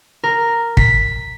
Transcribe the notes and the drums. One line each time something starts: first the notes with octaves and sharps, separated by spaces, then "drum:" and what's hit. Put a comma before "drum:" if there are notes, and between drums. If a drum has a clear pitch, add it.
A#4
B6, drum: kick